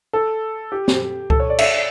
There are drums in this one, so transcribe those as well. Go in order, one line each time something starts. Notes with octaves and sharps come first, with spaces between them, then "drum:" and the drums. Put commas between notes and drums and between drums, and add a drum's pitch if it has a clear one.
A4
G4
drum: snare C5
A4, drum: kick C#2
C#5
D5
E5, drum: cymbal